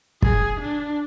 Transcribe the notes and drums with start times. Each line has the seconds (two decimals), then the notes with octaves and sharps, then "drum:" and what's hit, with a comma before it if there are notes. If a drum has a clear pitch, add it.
0.22 G#4, drum: kick
0.61 D4